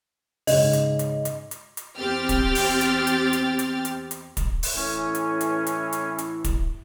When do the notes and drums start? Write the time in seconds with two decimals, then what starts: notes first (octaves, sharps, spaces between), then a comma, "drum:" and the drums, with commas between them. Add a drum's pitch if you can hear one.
0.47 G#2 C#3 D#5, drum: open hi-hat
0.73 drum: hi-hat
0.99 drum: hi-hat
1.25 drum: hi-hat
1.51 drum: hi-hat
1.77 drum: hi-hat
1.96 E2 C4 G4 G5 F6 A6
2.29 drum: kick, hi-hat
2.55 drum: open hi-hat
2.81 drum: hi-hat
3.07 drum: hi-hat
3.33 drum: hi-hat
3.59 drum: hi-hat
3.85 drum: hi-hat
4.11 drum: hi-hat
4.37 drum: kick, hi-hat
4.63 drum: open hi-hat
4.75 A2 E3 C#4
5.15 drum: hi-hat
5.41 drum: hi-hat
5.67 drum: hi-hat
5.93 drum: hi-hat
6.18 drum: hi-hat
6.44 drum: kick, hi-hat